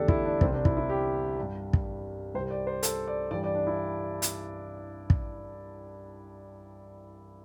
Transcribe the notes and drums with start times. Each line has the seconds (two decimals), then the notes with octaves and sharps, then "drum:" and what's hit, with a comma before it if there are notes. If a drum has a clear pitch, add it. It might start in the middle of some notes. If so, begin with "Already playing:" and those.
Already playing: E2 D3 A3 D4 G4 A4
0.08 E4, drum: kick
0.25 D4
0.41 C2 C3 G3 C4, drum: kick
0.53 D4
0.65 E4, drum: kick
0.77 E4
0.89 G4
1.38 G2 G3
1.73 drum: kick
2.34 C2 C3 G3 C5
2.51 D5
2.67 C5
2.83 A4, drum: hi-hat
3.08 D5
3.31 G2 E3 G3 D5
3.44 D5
3.55 D4
3.67 E4
4.22 drum: hi-hat
5.10 drum: kick